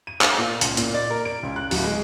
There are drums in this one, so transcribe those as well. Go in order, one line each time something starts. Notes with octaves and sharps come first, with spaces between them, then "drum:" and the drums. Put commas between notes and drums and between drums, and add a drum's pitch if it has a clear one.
D#7
F5, drum: clap
A#2
C#2, drum: hi-hat
A#2, drum: hi-hat
D5
A#4
D7
C#2
F#6
D1, drum: open hi-hat
G#3